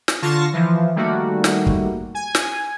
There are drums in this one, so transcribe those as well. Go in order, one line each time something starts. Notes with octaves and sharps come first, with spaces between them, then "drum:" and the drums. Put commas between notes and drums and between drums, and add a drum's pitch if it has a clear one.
drum: snare
D3 F4 A5 C#6 A#6 C7
E3 F3
D#3 G3 A3 A#3 F#4
drum: snare
drum: kick
G#5
drum: snare